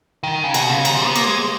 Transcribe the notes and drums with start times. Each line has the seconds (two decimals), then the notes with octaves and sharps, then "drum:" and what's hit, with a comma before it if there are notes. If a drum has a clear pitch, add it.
0.23 D#3
0.44 C#3
0.54 B2, drum: cymbal
0.70 C#3
0.85 D#3, drum: cymbal
0.95 F3
1.06 B3
1.16 A#3, drum: cymbal
1.26 G#3